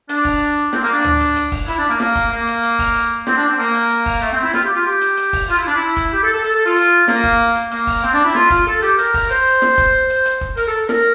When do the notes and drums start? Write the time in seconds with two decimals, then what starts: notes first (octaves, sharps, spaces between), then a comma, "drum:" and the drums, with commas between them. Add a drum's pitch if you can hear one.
0.09 D4, drum: hi-hat
0.25 drum: kick, open hi-hat
0.73 C4, drum: snare
0.83 A#3
0.93 D4
1.04 drum: tom D2
1.20 drum: hi-hat
1.36 drum: hi-hat
1.52 drum: kick, open hi-hat
1.68 E4, drum: hi-hat
1.79 D4
1.89 A#3
2.00 A#3, drum: snare
2.15 drum: kick, hi-hat
2.31 A#3
2.47 drum: hi-hat
2.63 drum: hi-hat
2.79 drum: kick, open hi-hat
2.95 drum: hi-hat
3.27 C4, drum: snare
3.37 D4
3.48 C4
3.58 A#3
3.74 drum: hi-hat
3.90 drum: hi-hat
4.06 drum: kick, open hi-hat
4.22 A3, drum: hi-hat
4.33 C4
4.43 E4
4.54 F4, drum: snare
4.64 G4
4.75 F4
4.86 G4
5.01 drum: hi-hat
5.17 drum: hi-hat
5.33 drum: kick, open hi-hat
5.49 F4, drum: hi-hat
5.58 E4
5.67 D4
5.76 E4
5.97 drum: kick, hi-hat
6.13 G4
6.23 A4
6.34 A4
6.44 A4, drum: hi-hat
6.55 A4
6.66 F4
6.76 drum: hi-hat
7.08 A#3, drum: snare
7.24 drum: kick, hi-hat
7.55 drum: hi-hat
7.71 A#3, drum: hi-hat
7.87 drum: kick, open hi-hat
8.03 C4, drum: hi-hat
8.13 D4
8.24 E4
8.35 F4, drum: snare
8.50 F4, drum: kick, hi-hat
8.67 A4
8.82 G4, drum: hi-hat
8.98 A#4, drum: hi-hat
9.14 drum: kick, open hi-hat
9.30 C5, drum: hi-hat
9.62 drum: snare
9.78 drum: kick, hi-hat
10.09 drum: hi-hat
10.25 drum: hi-hat
10.41 drum: kick
10.57 A#4, drum: hi-hat
10.67 A4
10.89 A#4, drum: snare